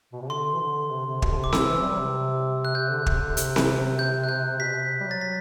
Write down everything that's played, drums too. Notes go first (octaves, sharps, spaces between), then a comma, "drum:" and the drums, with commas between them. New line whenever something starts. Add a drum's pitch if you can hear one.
B2
C3
D3 C6
E3
D3
C3
C3
B2, drum: kick
D3
C3
D6
C3 E6, drum: snare C4
E3
G3
C3
F#6
C3 G6
D3
C3, drum: kick
D3
C3, drum: hi-hat
drum: snare C4
G6
F#6
G6
B2 B6
C3
G3
F#3 A6
B6